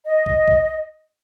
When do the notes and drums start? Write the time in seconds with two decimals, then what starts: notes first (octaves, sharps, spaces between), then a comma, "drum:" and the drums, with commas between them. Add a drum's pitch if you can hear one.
0.05 D#5
0.26 drum: kick
0.48 drum: kick